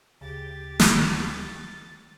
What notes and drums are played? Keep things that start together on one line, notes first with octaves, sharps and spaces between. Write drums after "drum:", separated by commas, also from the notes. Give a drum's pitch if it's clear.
D2 C#3 G4 A6
drum: snare